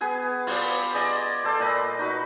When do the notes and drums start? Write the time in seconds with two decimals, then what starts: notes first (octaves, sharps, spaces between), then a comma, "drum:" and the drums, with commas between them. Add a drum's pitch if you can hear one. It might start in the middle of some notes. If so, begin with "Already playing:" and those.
0.01 B3 G#4 G#5
0.47 F4 G4 D5, drum: open hi-hat
0.94 G#4 D5 D#5 G#5
1.44 A4 C5 D5
1.59 A#2 D#5 B5
1.99 D#4 F#4 B4